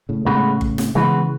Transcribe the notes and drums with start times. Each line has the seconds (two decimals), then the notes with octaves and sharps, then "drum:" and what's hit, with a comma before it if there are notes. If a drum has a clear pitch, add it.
0.09 A2 C#3
0.26 A2 C#3 G#3 B3 F#4 B4
0.61 drum: kick G1
0.78 drum: snare
0.95 C#3 E3 G#3 B3 F#4 B4